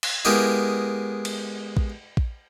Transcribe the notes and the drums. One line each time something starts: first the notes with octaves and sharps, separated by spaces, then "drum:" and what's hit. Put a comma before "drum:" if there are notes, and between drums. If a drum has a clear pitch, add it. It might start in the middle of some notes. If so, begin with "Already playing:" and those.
drum: cymbal
G#3 B3 E4 G4 A#4 D#5
drum: cymbal
drum: kick
drum: kick